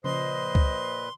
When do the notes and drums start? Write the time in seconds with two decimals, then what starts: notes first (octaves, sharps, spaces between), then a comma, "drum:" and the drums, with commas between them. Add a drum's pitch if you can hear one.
0.04 A#2 C#3 F3 B4 C5 D#5 C6
0.55 drum: kick C#2